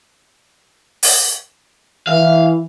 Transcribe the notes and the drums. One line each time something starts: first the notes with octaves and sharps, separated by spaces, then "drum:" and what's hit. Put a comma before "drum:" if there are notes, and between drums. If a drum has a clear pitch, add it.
drum: open hi-hat
E3 F5